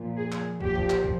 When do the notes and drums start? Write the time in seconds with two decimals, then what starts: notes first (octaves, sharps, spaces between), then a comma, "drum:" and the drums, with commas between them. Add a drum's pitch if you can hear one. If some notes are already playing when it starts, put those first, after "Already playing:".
Already playing: A#2 F3
0.18 G#4
0.32 drum: clap
0.60 A#2 F3 G4, drum: kick
0.75 drum: kick
0.90 drum: clap
1.04 drum: kick